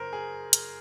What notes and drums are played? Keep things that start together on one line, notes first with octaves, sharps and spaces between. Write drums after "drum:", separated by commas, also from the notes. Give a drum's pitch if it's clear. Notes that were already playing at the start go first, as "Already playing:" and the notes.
Already playing: F#2 C#3 A#4 C5
G#4
drum: hi-hat